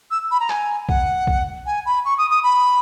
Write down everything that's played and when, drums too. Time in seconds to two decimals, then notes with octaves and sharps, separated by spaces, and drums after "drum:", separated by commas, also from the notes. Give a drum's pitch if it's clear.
0.11 E6
0.31 B5
0.40 A#5
0.50 G#5, drum: clap
0.89 F#5, drum: kick B1
1.27 drum: kick B1
1.66 G#5
1.86 B5
2.05 C#6
2.18 D#6
2.30 D#6
2.43 B5